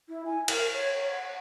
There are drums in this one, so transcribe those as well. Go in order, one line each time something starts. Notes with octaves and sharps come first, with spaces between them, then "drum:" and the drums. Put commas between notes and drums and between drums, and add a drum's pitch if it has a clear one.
E4
G#5
A#4, drum: cymbal
C#5
C#5
F#5